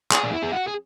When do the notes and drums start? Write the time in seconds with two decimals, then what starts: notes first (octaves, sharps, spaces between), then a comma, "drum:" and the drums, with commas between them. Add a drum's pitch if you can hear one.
0.12 G#4, drum: clap
0.24 D4
0.32 E4
0.43 G#4
0.53 F#4
0.67 G#4